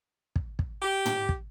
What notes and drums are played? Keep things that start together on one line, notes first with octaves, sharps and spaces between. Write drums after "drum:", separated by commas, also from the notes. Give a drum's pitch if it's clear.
drum: kick
drum: kick
G4
drum: tom
drum: kick